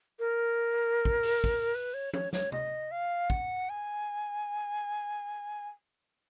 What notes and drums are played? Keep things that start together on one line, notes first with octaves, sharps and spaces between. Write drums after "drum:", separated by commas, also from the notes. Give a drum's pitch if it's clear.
A#4
drum: kick
drum: open hi-hat
drum: kick
B4
C#5
C#5, drum: tom
C#5, drum: snare
D#5, drum: tom C3
F5
F#5, drum: kick
G#5